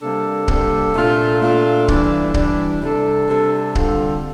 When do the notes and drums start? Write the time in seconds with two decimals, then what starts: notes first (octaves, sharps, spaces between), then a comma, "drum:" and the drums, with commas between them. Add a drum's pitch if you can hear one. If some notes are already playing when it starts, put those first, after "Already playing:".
0.01 C3 G3 A#3 D4 A4
0.48 C3 G3 A#3 D4 A4, drum: kick C#1
0.94 A#2 A3 D4 F4 A4
1.41 A#2 A3 D4 F4 A4
1.88 E3 G3 D4, drum: kick C#1
2.34 E3 G3 D4, drum: kick C#1
2.82 C3 G3 D4 A4
3.28 C3 G3 D4 A4
3.75 D3 G3 C4 F4 A4, drum: kick C#1